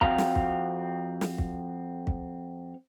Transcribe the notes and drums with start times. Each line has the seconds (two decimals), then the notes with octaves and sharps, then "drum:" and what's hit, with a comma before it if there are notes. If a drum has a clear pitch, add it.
0.01 F2 C4 F#4 F5 A#5, drum: kick
0.18 drum: snare
0.35 drum: kick
1.21 drum: snare
1.38 drum: kick
2.07 drum: kick